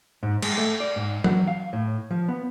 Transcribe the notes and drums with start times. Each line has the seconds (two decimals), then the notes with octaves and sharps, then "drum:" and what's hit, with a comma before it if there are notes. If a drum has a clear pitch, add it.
0.23 G#2
0.42 G#3, drum: cymbal
0.58 A3
0.80 D5
0.96 G#2
1.24 F#3, drum: tom E3
1.48 F5
1.73 A2
2.11 F3
2.28 B3